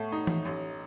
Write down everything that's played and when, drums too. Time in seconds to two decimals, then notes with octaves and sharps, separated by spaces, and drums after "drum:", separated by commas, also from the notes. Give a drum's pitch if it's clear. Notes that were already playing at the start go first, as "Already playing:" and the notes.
Already playing: A2 A3 B3
0.12 D#4
0.27 drum: tom E3
0.45 A1